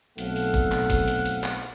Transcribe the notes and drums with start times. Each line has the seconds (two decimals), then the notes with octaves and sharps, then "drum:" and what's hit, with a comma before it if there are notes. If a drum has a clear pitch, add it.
0.18 B1 A3 C4 A4 F5 F#5, drum: hi-hat
0.36 drum: open hi-hat
0.54 drum: kick, hi-hat
0.72 drum: clap
0.90 drum: kick, hi-hat
1.08 drum: hi-hat
1.26 drum: hi-hat
1.43 drum: clap